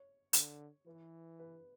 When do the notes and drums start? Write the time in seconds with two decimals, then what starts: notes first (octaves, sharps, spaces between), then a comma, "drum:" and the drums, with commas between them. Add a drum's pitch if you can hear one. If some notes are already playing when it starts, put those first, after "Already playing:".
Already playing: C#5
0.33 D3, drum: hi-hat
0.86 E3 B4
1.39 B4